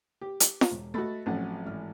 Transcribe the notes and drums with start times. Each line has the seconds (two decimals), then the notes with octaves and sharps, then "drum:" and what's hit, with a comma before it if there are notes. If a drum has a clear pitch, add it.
0.21 G4
0.40 drum: hi-hat
0.61 drum: snare
0.71 E1
0.94 A3 F#4 D#5 B5 A6
1.26 A1 F3 F#3 C4 C#4 F#5
1.66 G#1 E3 F6